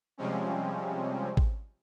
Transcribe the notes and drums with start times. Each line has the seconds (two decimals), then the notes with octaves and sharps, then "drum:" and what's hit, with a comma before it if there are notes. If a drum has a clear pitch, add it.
0.18 C3 F3 G3 G#3 C4 C#4
1.37 drum: kick